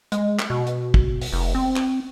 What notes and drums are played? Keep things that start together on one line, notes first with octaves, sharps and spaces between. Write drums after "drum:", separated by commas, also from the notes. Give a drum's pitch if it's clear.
G#3, drum: hi-hat
drum: clap
B2
drum: hi-hat
drum: kick
drum: open hi-hat
F1
C4
drum: clap